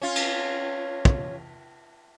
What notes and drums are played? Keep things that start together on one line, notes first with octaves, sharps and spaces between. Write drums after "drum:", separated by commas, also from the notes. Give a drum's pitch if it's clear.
C#4 F4
drum: cymbal
drum: kick